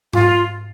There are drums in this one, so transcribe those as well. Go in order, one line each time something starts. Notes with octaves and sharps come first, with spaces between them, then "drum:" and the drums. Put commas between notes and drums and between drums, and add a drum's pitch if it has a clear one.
F4, drum: tom G#2